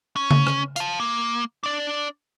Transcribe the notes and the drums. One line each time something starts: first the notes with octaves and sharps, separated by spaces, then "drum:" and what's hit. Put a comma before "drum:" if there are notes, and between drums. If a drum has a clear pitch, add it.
C#4
drum: tom C#3
drum: rim click
F5 A5, drum: hi-hat
A#3
D4 D5